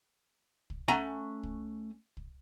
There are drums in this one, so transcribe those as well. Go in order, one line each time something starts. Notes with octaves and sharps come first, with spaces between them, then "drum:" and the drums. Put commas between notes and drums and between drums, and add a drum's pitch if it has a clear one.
drum: kick
A3 C#4 F#5 G#5 A#5
drum: kick
drum: kick